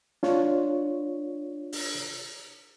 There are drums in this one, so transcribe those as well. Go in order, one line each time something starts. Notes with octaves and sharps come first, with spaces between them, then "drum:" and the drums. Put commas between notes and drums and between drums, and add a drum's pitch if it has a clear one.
D4 F4 C#5, drum: snare
drum: open hi-hat